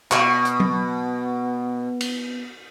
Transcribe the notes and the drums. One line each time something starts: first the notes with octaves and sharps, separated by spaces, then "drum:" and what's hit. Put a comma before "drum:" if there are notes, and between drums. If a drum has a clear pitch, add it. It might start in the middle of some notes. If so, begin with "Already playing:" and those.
B2 B3 C#6, drum: clap
drum: hi-hat
drum: tom F#3
drum: cymbal